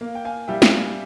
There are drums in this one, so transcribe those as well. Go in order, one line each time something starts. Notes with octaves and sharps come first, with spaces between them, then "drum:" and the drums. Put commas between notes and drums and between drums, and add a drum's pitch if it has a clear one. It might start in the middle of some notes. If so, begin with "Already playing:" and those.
A#3 F5
G5
F5 G#5
G3 E5 G5
G5, drum: snare
F5